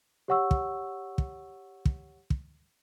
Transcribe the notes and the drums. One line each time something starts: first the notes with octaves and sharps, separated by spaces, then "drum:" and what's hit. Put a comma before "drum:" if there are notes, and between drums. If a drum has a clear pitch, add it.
G4 C#5 F#5 C#6 E6
drum: kick
drum: kick
drum: kick
drum: kick